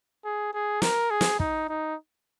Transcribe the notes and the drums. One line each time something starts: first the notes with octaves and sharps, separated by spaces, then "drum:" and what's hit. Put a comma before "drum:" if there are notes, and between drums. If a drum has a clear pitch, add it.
G#4
G#4
A#4, drum: snare
G#4
drum: snare
D#4, drum: kick
D#4